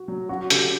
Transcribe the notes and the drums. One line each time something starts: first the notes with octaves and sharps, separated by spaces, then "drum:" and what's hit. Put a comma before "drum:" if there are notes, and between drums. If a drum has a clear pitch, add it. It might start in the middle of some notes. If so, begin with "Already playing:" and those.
Already playing: F#4
F#3
C#4 F#4
D3 G4, drum: hi-hat